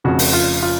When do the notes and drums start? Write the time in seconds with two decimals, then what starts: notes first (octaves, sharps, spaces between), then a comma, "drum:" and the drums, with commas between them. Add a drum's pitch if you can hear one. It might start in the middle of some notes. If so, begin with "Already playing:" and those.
0.04 F1 F2 C#3 F3 F#4
0.19 drum: open hi-hat
0.33 F4
0.63 F4